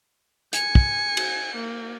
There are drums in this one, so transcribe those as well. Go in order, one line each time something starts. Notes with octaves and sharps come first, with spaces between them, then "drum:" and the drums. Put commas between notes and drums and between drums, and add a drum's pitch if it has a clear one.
G#5 C#7, drum: hi-hat
drum: kick
drum: cymbal
A#3